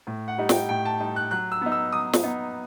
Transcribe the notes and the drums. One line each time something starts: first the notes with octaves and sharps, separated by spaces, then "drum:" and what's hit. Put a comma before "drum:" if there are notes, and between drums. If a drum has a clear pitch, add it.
A2
F#5
G3 D#4
G5, drum: snare
A2 G5
A5
G3 D#4
F#6
F#3 F#6
E6
B3 D#4
E6
F#3 D#6
drum: snare
B3 D#4